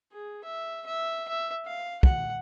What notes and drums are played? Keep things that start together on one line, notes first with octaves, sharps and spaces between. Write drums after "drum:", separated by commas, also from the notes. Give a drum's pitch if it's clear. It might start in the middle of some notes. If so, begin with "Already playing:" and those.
G#4
E5
E5
E5
F5
F#5, drum: kick